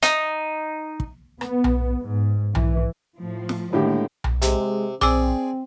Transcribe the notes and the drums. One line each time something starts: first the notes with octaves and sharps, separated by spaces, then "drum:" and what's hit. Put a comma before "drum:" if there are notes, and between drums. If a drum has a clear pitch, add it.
D#4, drum: hi-hat
drum: kick
B3, drum: rim click
drum: tom B1
G#2
E3, drum: tom B1
A2 F3
drum: snare
A2 D3 D#3 G#3 A#3 G4
drum: tom B1
C3 G#3, drum: hi-hat
C4 G#4 D5 D6 E6, drum: tom B1